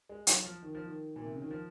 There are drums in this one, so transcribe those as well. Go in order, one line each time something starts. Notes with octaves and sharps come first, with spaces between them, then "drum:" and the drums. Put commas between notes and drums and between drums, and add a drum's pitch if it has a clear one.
G#3
F#3, drum: hi-hat
F3
D#3
F3
D#3
A#2
C3
C#3
D#3
F3